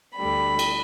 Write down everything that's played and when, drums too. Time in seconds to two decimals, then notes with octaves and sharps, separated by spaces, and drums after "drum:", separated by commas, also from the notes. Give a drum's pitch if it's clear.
0.17 D2 D3 G3 B5
0.59 drum: cymbal